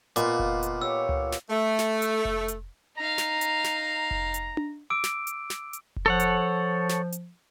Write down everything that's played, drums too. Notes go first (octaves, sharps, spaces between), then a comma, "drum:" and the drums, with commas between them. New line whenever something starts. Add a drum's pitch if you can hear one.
A#2 B3 F4 D#5 D6, drum: hi-hat
drum: kick F1
drum: hi-hat
G4 C#5 E6
drum: tom C#2
drum: snare
A3
drum: snare
drum: hi-hat
drum: kick F1
drum: hi-hat
D#4 F5 A#5
drum: snare
drum: hi-hat
drum: snare
drum: kick F1
drum: hi-hat
drum: tom D4
D6 E6 D7
drum: snare
drum: hi-hat
drum: snare
drum: hi-hat
drum: kick F1
F3 A4 C#5 F#5
drum: hi-hat
drum: snare
drum: hi-hat